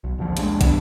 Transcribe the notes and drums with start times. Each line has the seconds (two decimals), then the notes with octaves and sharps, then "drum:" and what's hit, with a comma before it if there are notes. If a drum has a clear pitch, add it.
0.04 B1
0.19 A#1 D#2 D3 F3
0.37 D#2 G3 G#3 D4, drum: hi-hat
0.61 A1 B3 D4, drum: kick, hi-hat